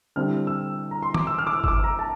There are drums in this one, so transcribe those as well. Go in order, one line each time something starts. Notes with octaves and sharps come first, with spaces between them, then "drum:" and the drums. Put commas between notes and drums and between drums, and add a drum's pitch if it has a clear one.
D3 G3 C4 E4 F6
E6
A#5
C6
D6, drum: tom D#3
E6
F6
D6
E6
E6, drum: kick G1
D6
A#5
A5